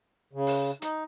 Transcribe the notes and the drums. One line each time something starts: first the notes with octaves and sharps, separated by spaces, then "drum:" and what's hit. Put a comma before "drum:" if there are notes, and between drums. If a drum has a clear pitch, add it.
C#3
drum: open hi-hat
D#4, drum: hi-hat